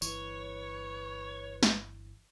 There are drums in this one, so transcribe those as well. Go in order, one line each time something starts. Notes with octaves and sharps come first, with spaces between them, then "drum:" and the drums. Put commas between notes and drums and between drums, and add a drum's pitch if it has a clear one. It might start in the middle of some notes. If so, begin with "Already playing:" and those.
G1 E3 B4 C#5, drum: tambourine
drum: snare